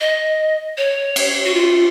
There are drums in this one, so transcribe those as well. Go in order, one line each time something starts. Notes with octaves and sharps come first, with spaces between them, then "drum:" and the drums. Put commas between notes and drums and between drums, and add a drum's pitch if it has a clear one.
D#5
C#5
drum: cymbal
F#4
F4